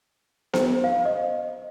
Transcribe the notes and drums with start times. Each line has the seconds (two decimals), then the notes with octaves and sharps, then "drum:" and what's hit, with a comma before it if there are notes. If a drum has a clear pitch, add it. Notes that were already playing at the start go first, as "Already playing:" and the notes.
0.54 C5, drum: snare B3
0.84 F5
1.05 D#5